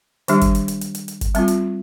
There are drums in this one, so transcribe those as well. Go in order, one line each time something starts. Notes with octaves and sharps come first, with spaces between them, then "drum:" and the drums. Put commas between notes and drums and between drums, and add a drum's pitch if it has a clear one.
D#3 G3 D4 G4, drum: hi-hat
drum: kick, hi-hat
drum: hi-hat
drum: hi-hat
drum: hi-hat
drum: hi-hat
drum: hi-hat
drum: kick, hi-hat
G3 C4 F4, drum: hi-hat
drum: hi-hat